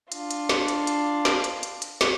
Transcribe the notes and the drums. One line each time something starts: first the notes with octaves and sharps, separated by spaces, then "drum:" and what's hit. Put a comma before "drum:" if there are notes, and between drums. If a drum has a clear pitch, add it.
D4 F4, drum: hi-hat
drum: hi-hat
drum: snare
drum: hi-hat
drum: hi-hat
drum: snare
drum: hi-hat
drum: hi-hat
drum: hi-hat
drum: snare